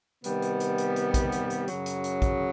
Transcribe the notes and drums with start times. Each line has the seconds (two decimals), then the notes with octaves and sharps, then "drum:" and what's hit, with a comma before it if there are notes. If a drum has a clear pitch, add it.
0.24 C3 D#3 G3 B3, drum: hi-hat
0.42 drum: hi-hat
0.60 drum: hi-hat
0.78 drum: hi-hat
0.96 drum: hi-hat
1.14 drum: kick, hi-hat
1.32 drum: hi-hat
1.50 drum: hi-hat
1.68 F#2 C#3 F#3, drum: hi-hat
1.86 drum: hi-hat
2.04 drum: hi-hat
2.22 drum: kick, hi-hat